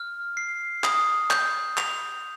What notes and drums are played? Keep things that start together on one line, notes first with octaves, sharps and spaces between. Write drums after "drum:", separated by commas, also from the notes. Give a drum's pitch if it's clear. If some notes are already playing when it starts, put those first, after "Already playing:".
Already playing: F6
C7
D#6, drum: clap
G6, drum: clap
F7, drum: clap